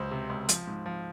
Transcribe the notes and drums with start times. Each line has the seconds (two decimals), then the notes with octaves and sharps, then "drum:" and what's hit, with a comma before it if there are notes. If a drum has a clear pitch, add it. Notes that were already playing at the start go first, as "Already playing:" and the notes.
Already playing: C#2 F#3 C5
0.11 C3
0.30 C#2
0.49 F3, drum: hi-hat
0.67 G#2
0.86 F3